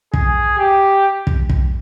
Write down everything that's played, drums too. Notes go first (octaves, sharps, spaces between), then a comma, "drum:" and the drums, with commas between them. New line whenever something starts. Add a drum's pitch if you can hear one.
G#4, drum: kick
G4
drum: kick
drum: kick